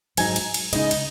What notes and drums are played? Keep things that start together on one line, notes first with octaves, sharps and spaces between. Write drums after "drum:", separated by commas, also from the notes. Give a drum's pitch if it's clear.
G#2 F#3 D#4 G#5, drum: cymbal
drum: cymbal
drum: cymbal
C#3 G#3 D#4 D#5, drum: cymbal
drum: cymbal